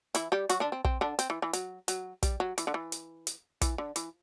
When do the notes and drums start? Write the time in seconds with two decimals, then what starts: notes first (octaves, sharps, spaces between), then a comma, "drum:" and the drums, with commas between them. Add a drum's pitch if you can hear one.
0.15 E3 E4, drum: hi-hat
0.32 G3 G4
0.49 F#3 F#4, drum: hi-hat
0.60 D3 D4
0.72 C4
0.85 C4, drum: kick
1.01 D3 D4
1.19 C4, drum: hi-hat
1.30 E3
1.42 E3
1.53 F#3, drum: hi-hat
1.88 F#3, drum: hi-hat
2.23 G3, drum: kick, hi-hat
2.40 F#3
2.58 E3, drum: hi-hat
2.67 D3
2.74 E3
2.92 drum: hi-hat
3.27 drum: hi-hat
3.61 E3, drum: kick, hi-hat
3.78 D3
3.96 E3, drum: hi-hat